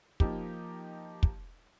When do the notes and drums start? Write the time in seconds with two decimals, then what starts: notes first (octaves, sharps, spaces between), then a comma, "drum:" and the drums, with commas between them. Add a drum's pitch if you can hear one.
0.20 F3 A#3 D#4 G4, drum: kick
1.23 drum: kick